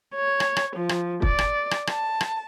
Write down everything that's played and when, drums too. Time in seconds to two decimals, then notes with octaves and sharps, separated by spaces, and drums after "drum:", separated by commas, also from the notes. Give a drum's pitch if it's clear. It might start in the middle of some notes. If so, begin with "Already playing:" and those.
0.15 C#5
0.40 drum: rim click
0.57 drum: rim click
0.75 F3
0.89 drum: rim click
1.22 D5, drum: kick
1.39 drum: rim click
1.71 drum: rim click
1.87 A5, drum: rim click
2.21 drum: rim click